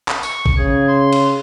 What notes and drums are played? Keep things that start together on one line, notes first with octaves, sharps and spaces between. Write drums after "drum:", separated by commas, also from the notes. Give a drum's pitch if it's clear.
drum: clap
C#6, drum: tambourine
drum: kick A#1
C#3 G#4
C6
drum: cymbal